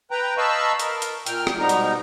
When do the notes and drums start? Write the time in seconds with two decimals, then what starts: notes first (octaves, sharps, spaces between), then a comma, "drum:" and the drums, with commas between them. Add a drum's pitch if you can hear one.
0.11 B4 G5 A#5
0.38 D#5 F5 A5 B5 C#6 E6
0.79 A#4, drum: hi-hat
1.02 drum: hi-hat
1.26 A#2 G5 F6, drum: hi-hat
1.47 drum: rim click
1.59 G#2 B2 G3 B3 D#4 A#5
1.69 drum: hi-hat